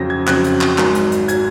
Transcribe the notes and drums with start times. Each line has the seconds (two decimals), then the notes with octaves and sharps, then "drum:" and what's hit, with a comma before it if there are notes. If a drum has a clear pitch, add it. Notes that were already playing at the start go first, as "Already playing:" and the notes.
Already playing: F2 C#3 F#3 C4 A#6
0.10 G#6
0.27 F2 C#3 F#3 C4 F#6, drum: clap
0.44 drum: hi-hat
0.61 drum: clap
0.78 G#1 G#2 F#3, drum: clap
0.95 drum: hi-hat
1.12 drum: hi-hat
1.28 F#3 G#6, drum: hi-hat